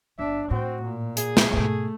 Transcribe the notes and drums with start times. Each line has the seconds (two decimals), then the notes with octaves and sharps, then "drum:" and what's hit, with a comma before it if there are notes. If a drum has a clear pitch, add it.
0.19 G1 D4 E5
0.51 A2 C4 F#4
0.82 A#2
1.17 G#4, drum: hi-hat
1.37 drum: snare
1.53 G#2 B2 A3